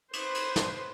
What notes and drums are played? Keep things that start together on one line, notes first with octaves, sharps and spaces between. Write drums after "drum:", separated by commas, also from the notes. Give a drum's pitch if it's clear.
B4 C5, drum: cymbal
drum: cymbal
drum: snare